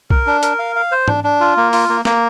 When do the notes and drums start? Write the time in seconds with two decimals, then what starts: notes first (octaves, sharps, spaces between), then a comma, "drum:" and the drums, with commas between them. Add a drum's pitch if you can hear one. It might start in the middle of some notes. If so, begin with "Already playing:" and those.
0.10 A#4, drum: kick B1
0.27 D4
0.43 A#4, drum: hi-hat
0.59 F5
0.76 F5
0.92 C5
1.08 D4, drum: tom G#2
1.24 D4
1.40 F4
1.57 A#3
1.73 F4, drum: open hi-hat
1.89 A#3
2.05 A#3, drum: snare